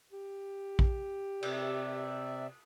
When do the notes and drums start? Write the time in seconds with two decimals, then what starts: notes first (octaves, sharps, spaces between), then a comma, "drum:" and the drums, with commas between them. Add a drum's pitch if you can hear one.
0.12 G4
0.79 drum: kick A#1
1.43 C3 D5 E5, drum: cymbal